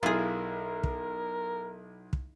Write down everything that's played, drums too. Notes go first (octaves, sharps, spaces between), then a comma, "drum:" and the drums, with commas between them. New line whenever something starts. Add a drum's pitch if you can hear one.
B1 E4 F4 G#4 A#4 F5
drum: kick
drum: kick